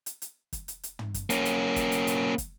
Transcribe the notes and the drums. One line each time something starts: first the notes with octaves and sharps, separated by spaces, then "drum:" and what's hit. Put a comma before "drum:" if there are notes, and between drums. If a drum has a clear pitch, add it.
drum: hi-hat
drum: hi-hat
drum: kick, hi-hat
drum: hi-hat
drum: hi-hat
drum: tom
drum: kick, hi-hat
A#3 C#4, drum: hi-hat
drum: hi-hat
drum: kick, hi-hat
drum: hi-hat
drum: hi-hat
drum: kick, hi-hat